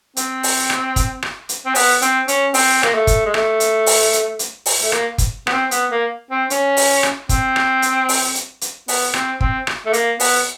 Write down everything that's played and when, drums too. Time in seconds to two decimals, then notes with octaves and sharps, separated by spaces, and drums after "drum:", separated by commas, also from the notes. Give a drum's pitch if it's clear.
0.17 C4, drum: hi-hat
0.43 drum: open hi-hat
0.70 drum: rim click
0.96 drum: kick, hi-hat
1.23 drum: rim click
1.49 drum: hi-hat
1.66 C4
1.75 B3, drum: open hi-hat
2.01 C4, drum: hi-hat
2.28 C#4, drum: hi-hat
2.54 C4, drum: open hi-hat
2.83 A#3, drum: rim click
2.94 A3
3.07 drum: kick, hi-hat
3.26 G#3
3.34 A3, drum: rim click
3.60 drum: hi-hat
3.86 drum: open hi-hat
4.13 drum: hi-hat
4.39 drum: hi-hat
4.66 drum: open hi-hat
4.82 A3
4.92 A#3, drum: rim click
5.18 drum: kick, hi-hat
5.47 B3, drum: rim click
5.52 C4
5.71 B3, drum: hi-hat
5.91 A#3
6.31 C4
6.50 C#4, drum: hi-hat
6.77 drum: open hi-hat
7.03 drum: rim click
7.29 C4, drum: kick, hi-hat
7.56 drum: rim click
7.82 drum: hi-hat
8.09 drum: open hi-hat
8.35 drum: hi-hat
8.61 drum: hi-hat
8.88 B3, drum: open hi-hat
9.14 C4, drum: rim click
9.41 C4, drum: kick
9.67 drum: rim click
9.86 A3
9.93 A#3, drum: hi-hat
10.20 B3, drum: open hi-hat